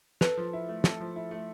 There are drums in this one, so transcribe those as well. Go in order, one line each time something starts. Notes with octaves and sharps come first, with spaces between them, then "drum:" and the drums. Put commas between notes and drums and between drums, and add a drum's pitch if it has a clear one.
A4 B4, drum: snare
F3
E4
A3
A4, drum: snare
F3
E4
A3